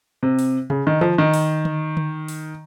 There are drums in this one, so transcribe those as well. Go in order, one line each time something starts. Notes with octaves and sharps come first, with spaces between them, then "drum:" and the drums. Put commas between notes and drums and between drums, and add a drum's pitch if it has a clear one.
C3
drum: open hi-hat
C#3, drum: tom C3
D#3
F3, drum: tom D3
D#3
drum: open hi-hat
drum: tom D3
drum: tom D3
drum: open hi-hat